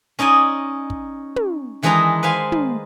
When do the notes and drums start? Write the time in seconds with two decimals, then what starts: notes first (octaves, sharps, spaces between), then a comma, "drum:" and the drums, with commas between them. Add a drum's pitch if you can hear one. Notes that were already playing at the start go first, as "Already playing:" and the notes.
0.19 C#4 D#4 D5 D#5 G#5
0.90 drum: kick
1.36 drum: tom
1.83 D#3 E3 G#3 D4 D#4 A#5
2.23 B4 C5 F5 G#5
2.52 drum: tom